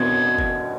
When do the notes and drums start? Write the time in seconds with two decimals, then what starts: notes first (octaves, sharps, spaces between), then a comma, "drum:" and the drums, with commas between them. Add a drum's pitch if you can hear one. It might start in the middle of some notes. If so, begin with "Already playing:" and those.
Already playing: B2 G#6
0.39 drum: kick